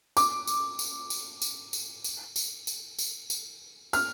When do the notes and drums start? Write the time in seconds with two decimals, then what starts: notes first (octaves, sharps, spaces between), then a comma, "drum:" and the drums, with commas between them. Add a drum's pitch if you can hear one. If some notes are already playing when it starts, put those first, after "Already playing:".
0.17 D6, drum: tambourine
0.47 drum: tambourine
0.79 drum: tambourine
1.10 drum: tambourine
1.42 drum: tambourine
1.73 drum: tambourine
2.04 drum: tambourine
2.36 drum: tambourine
2.67 drum: tambourine
2.99 drum: tambourine
3.30 drum: tambourine
3.93 F6, drum: tambourine